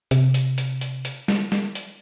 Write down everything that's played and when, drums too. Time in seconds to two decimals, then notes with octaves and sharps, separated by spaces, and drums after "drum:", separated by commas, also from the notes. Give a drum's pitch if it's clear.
0.11 C3, drum: hi-hat
0.34 drum: hi-hat
0.58 drum: hi-hat
0.81 drum: hi-hat
1.05 drum: hi-hat
1.28 drum: snare
1.52 drum: snare
1.75 drum: hi-hat